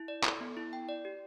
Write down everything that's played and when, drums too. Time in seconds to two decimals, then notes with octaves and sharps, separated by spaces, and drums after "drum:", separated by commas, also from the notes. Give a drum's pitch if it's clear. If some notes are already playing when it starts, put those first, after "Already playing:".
Already playing: E4
0.08 D5
0.24 A4, drum: clap
0.41 B3
0.57 E4
0.73 G5
0.89 D5
1.05 G4